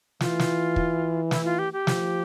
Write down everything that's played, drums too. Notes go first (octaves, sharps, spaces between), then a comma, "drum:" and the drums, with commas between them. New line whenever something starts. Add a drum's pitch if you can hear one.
E3 F4, drum: snare
drum: snare
drum: kick
E4, drum: snare
F4
G4
G4
F3, drum: snare